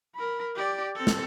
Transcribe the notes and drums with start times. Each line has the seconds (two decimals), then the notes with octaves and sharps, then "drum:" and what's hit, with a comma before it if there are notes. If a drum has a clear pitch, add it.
0.15 A#4 B5
0.56 G4 D5
0.96 C4 A4
1.07 drum: snare